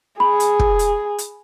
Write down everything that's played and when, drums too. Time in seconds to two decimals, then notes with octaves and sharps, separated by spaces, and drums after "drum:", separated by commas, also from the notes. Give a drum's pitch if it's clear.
0.20 G#4 B5
0.40 drum: hi-hat
0.59 drum: kick
0.79 drum: hi-hat
1.18 drum: hi-hat